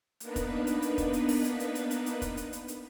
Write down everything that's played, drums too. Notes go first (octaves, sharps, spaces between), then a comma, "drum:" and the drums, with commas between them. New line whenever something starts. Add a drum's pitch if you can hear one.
A#3 B3 D4 D#4 B4, drum: hi-hat
drum: kick, hi-hat
drum: hi-hat
drum: hi-hat
drum: kick, hi-hat
drum: hi-hat
drum: open hi-hat
drum: hi-hat
drum: hi-hat
drum: hi-hat
drum: hi-hat
drum: hi-hat
drum: kick, hi-hat
drum: hi-hat
drum: hi-hat
drum: hi-hat